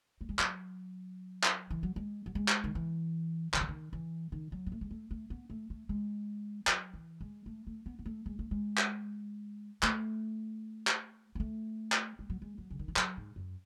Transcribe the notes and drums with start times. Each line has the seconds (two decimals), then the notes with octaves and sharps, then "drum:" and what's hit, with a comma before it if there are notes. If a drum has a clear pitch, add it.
0.21 A3
0.29 G#3
0.39 F#3, drum: clap
1.44 drum: clap
1.70 E3
1.83 F#3
1.96 G#3
2.26 F#3
2.35 G#3
2.48 drum: clap
2.64 D#3
2.75 E3
3.54 D#3, drum: clap
3.61 E3
3.69 D#3
3.93 E3
4.32 D#3
4.52 F#3
4.66 B3
4.72 A3
4.81 G#3
4.91 A3
5.11 A3
5.30 B3
5.50 A3
5.70 A3
5.89 G#3
6.67 F#3, drum: clap
6.94 E3
7.21 G#3
7.46 A3
7.67 A3
7.86 B3
7.99 B3
8.06 A3
8.26 G#3
8.39 A3
8.51 G#3
8.78 drum: clap
9.83 A3, drum: clap
10.87 drum: clap
11.35 B3
11.40 A3
11.92 drum: clap
12.19 G#3
12.30 F#3
12.42 G#3
12.58 F#3
12.71 C#3
12.79 D#3
12.88 E3
12.96 F#3, drum: clap
13.17 G#2
13.36 F#2